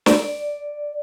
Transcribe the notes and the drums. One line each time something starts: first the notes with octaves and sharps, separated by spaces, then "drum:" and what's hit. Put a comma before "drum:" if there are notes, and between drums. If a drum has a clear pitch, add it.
D5, drum: snare